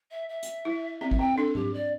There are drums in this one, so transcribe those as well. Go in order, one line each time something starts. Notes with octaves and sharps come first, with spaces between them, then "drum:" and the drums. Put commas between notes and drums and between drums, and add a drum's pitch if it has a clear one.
E5
E5
drum: hi-hat
E4
C4 E5
E5, drum: kick
C4 G5
D4 A4
G4, drum: tom G#2
D5